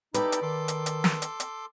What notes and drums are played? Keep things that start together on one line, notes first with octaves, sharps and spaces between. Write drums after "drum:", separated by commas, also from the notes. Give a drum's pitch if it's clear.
D#4 E4 G4 A4 B4 D5, drum: hi-hat
drum: hi-hat
D#3 A4 C6 D6
drum: hi-hat
drum: hi-hat
drum: snare
drum: hi-hat
drum: hi-hat